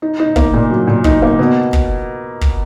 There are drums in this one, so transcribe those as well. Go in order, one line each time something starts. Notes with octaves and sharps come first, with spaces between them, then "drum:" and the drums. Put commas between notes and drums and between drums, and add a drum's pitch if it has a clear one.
D#4
D#4
A#3, drum: kick
A#2
F#3
A#2
D#4, drum: kick
A#3
B2
drum: kick
drum: kick